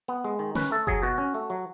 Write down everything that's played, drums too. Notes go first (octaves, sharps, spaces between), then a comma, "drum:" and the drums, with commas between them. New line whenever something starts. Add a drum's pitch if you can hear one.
B3
G#3
D#3
C#4 B4, drum: snare
A3 A4
F#3 G#4, drum: kick F#1
B2 F#4
C#4
A3
F#3